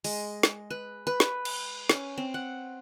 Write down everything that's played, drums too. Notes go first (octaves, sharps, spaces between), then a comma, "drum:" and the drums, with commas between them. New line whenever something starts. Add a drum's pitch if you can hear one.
G#3, drum: open hi-hat
drum: snare
B4
B4
drum: snare
drum: cymbal
C#4, drum: snare
C4
F#5